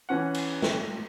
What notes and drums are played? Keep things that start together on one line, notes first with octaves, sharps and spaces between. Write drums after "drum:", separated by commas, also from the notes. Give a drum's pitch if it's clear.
E3 C#4 F#5
drum: cymbal
drum: snare